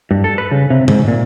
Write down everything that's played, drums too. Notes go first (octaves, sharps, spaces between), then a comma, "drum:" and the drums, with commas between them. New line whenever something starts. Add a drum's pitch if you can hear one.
G2
A4
B4
C#3
C3
G#2, drum: tom D3
A#2